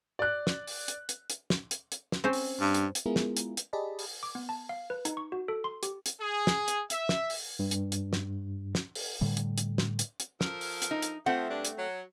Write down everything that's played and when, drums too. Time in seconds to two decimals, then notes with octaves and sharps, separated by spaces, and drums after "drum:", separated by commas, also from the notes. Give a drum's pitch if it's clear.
0.19 D5 F#6
0.47 drum: snare
0.67 drum: open hi-hat
0.88 drum: hi-hat
1.09 drum: hi-hat
1.30 drum: hi-hat
1.50 drum: snare
1.71 drum: hi-hat
1.92 drum: hi-hat
2.12 drum: snare
2.24 C4 C#4 C5
2.33 drum: open hi-hat
2.60 G2
2.74 drum: hi-hat
2.95 drum: hi-hat
3.06 G#3 B3 E4 F4 G#4 A#4
3.16 drum: snare
3.37 drum: hi-hat
3.57 drum: hi-hat
3.73 G4 G#4 D5 D#5 A5 B5
3.99 drum: open hi-hat
4.23 D6
4.35 B3
4.49 A5
4.69 F5
4.90 B4
5.05 D#4, drum: hi-hat
5.17 C#6
5.32 F#4
5.48 A4
5.64 C6
5.83 G4, drum: hi-hat
6.06 drum: hi-hat
6.20 G#4
6.47 drum: snare
6.68 drum: hi-hat
6.90 E5, drum: hi-hat
7.09 drum: snare
7.30 drum: open hi-hat
7.59 G2
7.71 drum: hi-hat
7.92 drum: hi-hat
8.13 drum: snare
8.75 drum: snare
8.95 drum: open hi-hat
9.21 A2 D3 G3
9.37 drum: hi-hat
9.58 drum: hi-hat
9.78 drum: snare
9.99 drum: hi-hat
10.20 drum: hi-hat
10.41 F3 A4 A#4, drum: snare
10.61 drum: open hi-hat
10.82 drum: hi-hat
10.91 D#4
11.02 drum: hi-hat
11.26 F3 A3 C4 F#5
11.50 G2 D4
11.65 drum: hi-hat
11.78 F#3